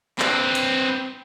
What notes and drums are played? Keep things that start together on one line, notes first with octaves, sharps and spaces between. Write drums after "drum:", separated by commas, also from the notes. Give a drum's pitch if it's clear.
C4 B4, drum: clap
drum: hi-hat